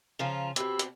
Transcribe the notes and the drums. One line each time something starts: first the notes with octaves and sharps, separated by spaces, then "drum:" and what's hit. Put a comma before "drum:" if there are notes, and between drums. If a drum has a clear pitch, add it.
C#3 F3 F4 A#5
B2 C4 G4 B5 E6, drum: hi-hat
drum: hi-hat